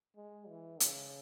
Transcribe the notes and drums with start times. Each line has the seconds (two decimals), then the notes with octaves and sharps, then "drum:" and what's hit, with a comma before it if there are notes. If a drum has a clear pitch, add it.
0.16 G#3
0.48 E3
0.80 C#3, drum: hi-hat